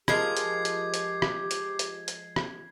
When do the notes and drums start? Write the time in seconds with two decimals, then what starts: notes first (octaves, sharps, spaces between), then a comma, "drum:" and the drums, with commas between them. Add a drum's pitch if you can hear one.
0.08 F3 G#3 G4 A#4 G#6 C7, drum: rim click
0.37 drum: hi-hat
0.65 drum: hi-hat
0.94 drum: hi-hat
1.22 drum: rim click
1.51 drum: hi-hat
1.79 drum: hi-hat
2.08 drum: hi-hat
2.36 drum: rim click